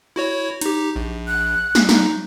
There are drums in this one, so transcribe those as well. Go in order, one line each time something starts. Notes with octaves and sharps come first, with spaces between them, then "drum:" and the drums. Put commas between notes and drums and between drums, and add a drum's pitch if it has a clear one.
E4 F#4 C#5
D#4 G4, drum: hi-hat
A#1
F#6
drum: snare
D#4, drum: snare